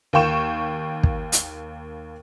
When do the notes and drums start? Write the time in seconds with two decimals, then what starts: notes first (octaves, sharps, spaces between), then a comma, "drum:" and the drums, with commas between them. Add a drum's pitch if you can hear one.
0.13 D#2 A#3 F5 G5 C#6 E7
1.03 drum: kick
1.32 drum: hi-hat